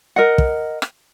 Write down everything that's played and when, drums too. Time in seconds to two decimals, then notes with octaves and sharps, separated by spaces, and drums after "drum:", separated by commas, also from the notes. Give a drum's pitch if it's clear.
0.16 A#4 D#5 F#5
0.38 drum: kick
0.82 drum: rim click